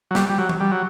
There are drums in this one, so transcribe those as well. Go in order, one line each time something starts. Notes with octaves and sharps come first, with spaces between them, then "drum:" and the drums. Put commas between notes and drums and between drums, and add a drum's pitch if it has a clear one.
F#3
G3, drum: snare
G3
F#3
drum: tom E3
G3
F#3